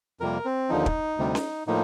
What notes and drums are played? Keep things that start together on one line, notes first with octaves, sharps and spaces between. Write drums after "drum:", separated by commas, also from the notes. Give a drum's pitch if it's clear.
F2 C3 G3 A#3 A#4
C4
D#2 D3 F3 D#4
drum: kick
D2 C3 G3
drum: snare C#4
A2 F3 A#3 D#4